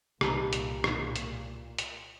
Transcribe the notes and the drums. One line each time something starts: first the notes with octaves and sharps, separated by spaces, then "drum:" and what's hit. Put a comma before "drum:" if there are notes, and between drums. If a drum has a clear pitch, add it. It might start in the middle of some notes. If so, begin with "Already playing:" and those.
C2 A#2 D#4 G4 A4 B4, drum: rim click
drum: hi-hat
drum: rim click
drum: hi-hat
drum: hi-hat